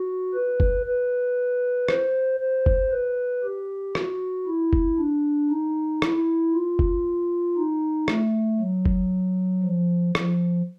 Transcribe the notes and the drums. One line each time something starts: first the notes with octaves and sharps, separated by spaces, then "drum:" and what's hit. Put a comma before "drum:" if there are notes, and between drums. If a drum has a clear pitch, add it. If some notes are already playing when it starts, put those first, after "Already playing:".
Already playing: F#4
B4
drum: kick
B4
C5, drum: rim click
C5
drum: kick
B4
G4
F#4, drum: rim click
E4
drum: kick
D4
D#4
E4, drum: rim click
F4
drum: kick
D#4
A3, drum: rim click
F#3
drum: kick
F3
F3, drum: rim click